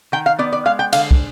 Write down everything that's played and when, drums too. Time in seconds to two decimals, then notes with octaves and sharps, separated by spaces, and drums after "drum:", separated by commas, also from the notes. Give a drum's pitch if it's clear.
0.12 D#3 G5
0.26 F5
0.39 B3 D5
0.53 D5
0.65 G#3 F5
0.79 G5
0.93 D3 F5, drum: cymbal
1.11 drum: kick